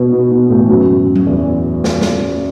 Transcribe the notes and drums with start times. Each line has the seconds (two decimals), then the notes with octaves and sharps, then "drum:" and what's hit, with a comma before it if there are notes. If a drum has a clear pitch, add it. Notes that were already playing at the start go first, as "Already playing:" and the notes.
Already playing: B2 B3
0.12 B2 B3
0.31 B2 B3
0.50 A2 A3
0.60 E3
0.69 F#2 F#3
1.16 drum: tom F#3
1.26 E2 E3
1.84 drum: snare
2.01 drum: snare